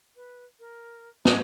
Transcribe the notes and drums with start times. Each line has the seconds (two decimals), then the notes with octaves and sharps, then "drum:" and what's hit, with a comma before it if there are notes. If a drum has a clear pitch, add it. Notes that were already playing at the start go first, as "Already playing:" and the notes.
0.15 B4
0.59 A#4
1.25 G#2 D4 D#4 G#4 G#6, drum: snare